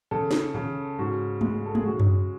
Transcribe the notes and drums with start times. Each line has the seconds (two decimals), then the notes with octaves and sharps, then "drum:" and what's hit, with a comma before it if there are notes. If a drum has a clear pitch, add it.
0.11 C#3 A4
0.31 drum: snare
0.54 C#3
0.99 G#2 F#4
1.41 G#3, drum: tom G#3
1.66 A4
1.75 G#4, drum: tom G#3
1.85 C#3 F#4
2.00 drum: tom F#2